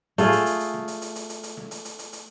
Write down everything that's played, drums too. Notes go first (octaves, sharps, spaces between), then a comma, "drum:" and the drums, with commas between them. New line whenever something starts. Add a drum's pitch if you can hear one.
A3 F4 G#4, drum: hi-hat
drum: hi-hat
drum: hi-hat
drum: hi-hat
drum: snare
drum: hi-hat
drum: hi-hat
drum: hi-hat
drum: hi-hat
drum: hi-hat
drum: snare
drum: hi-hat
drum: hi-hat
drum: hi-hat
drum: hi-hat